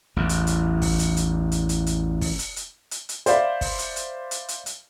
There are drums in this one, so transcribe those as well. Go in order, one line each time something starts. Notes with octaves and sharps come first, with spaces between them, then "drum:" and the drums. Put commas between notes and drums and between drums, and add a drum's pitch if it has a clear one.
A1 E2
drum: hi-hat
drum: hi-hat
drum: kick, open hi-hat
drum: hi-hat
drum: hi-hat
drum: hi-hat
drum: hi-hat
drum: hi-hat
drum: kick, open hi-hat
drum: hi-hat
drum: hi-hat
drum: hi-hat
drum: hi-hat
C5 D5 E5 F5 B5, drum: hi-hat
drum: kick, open hi-hat
drum: hi-hat
drum: hi-hat
drum: hi-hat
drum: hi-hat
drum: hi-hat